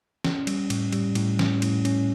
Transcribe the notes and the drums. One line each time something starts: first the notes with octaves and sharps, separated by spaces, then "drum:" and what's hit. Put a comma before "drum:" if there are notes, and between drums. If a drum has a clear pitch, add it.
C#4, drum: snare
G3, drum: cymbal
A2, drum: cymbal
G3, drum: cymbal
A2, drum: cymbal
C#4, drum: snare
A2, drum: cymbal
C#4, drum: cymbal